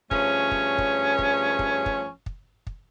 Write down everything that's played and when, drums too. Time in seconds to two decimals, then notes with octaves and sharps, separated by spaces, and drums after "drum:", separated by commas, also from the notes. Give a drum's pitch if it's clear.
0.11 G2 F3 A3 C#4 G#4 C#5, drum: kick
0.51 drum: kick
0.78 drum: kick
1.19 drum: kick
1.59 drum: kick
1.86 drum: kick
2.26 drum: kick
2.67 drum: kick